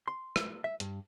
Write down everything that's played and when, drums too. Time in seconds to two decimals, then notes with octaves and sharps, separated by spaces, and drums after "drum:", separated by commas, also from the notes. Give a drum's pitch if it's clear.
0.08 C6
0.36 drum: rim click
0.64 E5
0.80 G2, drum: hi-hat